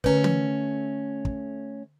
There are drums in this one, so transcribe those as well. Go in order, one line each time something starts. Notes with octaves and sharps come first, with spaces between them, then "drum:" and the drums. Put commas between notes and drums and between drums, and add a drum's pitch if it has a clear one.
D3 A3 C#4 B4, drum: kick
drum: tom
drum: kick